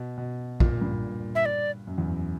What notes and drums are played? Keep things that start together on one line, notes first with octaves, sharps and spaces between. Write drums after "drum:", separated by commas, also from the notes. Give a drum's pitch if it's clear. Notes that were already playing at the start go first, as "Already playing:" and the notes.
Already playing: B2
B2
A#2, drum: kick A#1
G2
E5
D5
F#2
E2
F#2